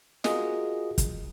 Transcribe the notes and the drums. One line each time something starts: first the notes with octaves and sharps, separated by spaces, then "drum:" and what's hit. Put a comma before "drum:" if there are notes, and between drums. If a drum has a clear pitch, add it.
F4 F#4 G#4 A#4 D#5, drum: snare
drum: kick, hi-hat